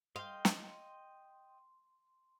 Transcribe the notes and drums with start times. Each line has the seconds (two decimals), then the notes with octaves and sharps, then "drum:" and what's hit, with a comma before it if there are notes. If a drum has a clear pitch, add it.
0.16 D#5 F5 G5 C6
0.45 drum: snare